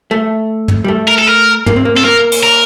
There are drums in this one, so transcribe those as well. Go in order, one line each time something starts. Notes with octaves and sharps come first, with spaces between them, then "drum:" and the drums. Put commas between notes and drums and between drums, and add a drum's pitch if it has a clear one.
A3
drum: tom
G3
A3
A#4
A4
A#4
A#3, drum: tom
C4
A#3
C4 A4
A#3 A#4
drum: cymbal
A#4